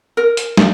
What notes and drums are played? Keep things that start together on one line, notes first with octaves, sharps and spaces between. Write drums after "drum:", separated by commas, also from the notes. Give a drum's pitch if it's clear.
A#4
drum: hi-hat
drum: snare